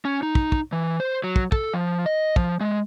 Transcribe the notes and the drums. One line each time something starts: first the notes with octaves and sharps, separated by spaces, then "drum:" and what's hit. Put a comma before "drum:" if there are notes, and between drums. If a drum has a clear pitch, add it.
C#4
D#4
drum: kick
drum: kick
E3
C5
F#3
drum: kick
A4, drum: kick
F3
D#5
F3, drum: kick
G#3